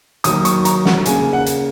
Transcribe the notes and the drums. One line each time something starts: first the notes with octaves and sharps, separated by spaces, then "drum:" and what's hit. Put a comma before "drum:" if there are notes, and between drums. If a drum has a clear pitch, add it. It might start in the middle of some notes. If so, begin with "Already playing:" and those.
D#3 F#3 A#3 D#6, drum: hi-hat
C#6, drum: hi-hat
A#5, drum: hi-hat
F#5, drum: snare
C#3 A#3 G#5, drum: hi-hat
F#5
drum: hi-hat